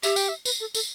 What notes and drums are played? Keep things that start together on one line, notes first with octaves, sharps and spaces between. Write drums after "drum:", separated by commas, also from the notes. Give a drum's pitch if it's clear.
G4 E5, drum: tambourine
G5, drum: tambourine
E5
B4, drum: tambourine
A4
A4, drum: tambourine